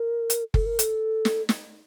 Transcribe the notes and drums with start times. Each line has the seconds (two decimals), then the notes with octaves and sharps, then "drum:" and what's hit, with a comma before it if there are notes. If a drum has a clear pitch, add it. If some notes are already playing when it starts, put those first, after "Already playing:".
Already playing: A#4
0.30 drum: hi-hat
0.54 A4, drum: kick F#1
0.66 A#4
0.79 A4, drum: hi-hat
1.25 drum: snare
1.49 drum: snare